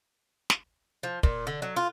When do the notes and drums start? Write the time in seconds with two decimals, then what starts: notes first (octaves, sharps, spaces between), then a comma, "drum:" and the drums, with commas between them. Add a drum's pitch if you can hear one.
0.50 drum: snare
1.03 F3
1.23 A#2, drum: kick
1.47 D3
1.62 F#3
1.76 F4